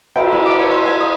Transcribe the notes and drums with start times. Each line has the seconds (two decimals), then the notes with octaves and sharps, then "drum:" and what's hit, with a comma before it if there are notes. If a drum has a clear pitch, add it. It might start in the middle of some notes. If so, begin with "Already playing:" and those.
0.16 G5, drum: cymbal
0.32 E4
0.46 D6
0.59 C#5
0.71 C6
0.85 G#5
1.01 D#6